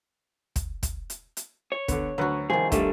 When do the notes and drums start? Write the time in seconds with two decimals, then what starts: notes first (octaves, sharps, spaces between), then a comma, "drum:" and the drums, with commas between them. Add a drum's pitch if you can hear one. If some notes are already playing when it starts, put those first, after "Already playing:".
0.56 drum: kick, hi-hat
0.83 drum: kick, hi-hat
1.10 drum: hi-hat
1.37 drum: hi-hat
1.72 C#5
1.88 D3 B3, drum: kick, hi-hat
2.18 D2 F#3 F#4 B4 F#6
2.50 C2 D#3 F3 G#4
2.72 D3 G3 A3, drum: kick, hi-hat